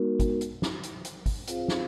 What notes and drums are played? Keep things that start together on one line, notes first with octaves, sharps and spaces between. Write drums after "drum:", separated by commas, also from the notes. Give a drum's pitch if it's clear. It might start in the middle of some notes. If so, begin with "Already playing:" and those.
Already playing: G#3 B3 D#4 F#4 A#4
drum: kick, hi-hat
drum: hi-hat
drum: snare
drum: hi-hat
drum: hi-hat
drum: kick, open hi-hat
C4 F4 G#4 C5 F5, drum: hi-hat
drum: snare